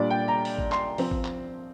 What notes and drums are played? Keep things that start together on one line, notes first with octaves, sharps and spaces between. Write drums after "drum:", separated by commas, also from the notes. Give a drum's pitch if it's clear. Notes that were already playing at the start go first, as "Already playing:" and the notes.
Already playing: A#2 G3 D4 D5
G5
A#5
drum: open hi-hat
drum: kick G#1
C6, drum: clap
F3 C4, drum: open hi-hat
drum: kick G#1
drum: clap